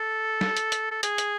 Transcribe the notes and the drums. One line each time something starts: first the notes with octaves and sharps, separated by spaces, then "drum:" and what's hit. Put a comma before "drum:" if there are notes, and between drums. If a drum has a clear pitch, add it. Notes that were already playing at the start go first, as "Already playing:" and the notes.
Already playing: A4
drum: snare
drum: hi-hat
drum: hi-hat
A4
G#4, drum: hi-hat
drum: hi-hat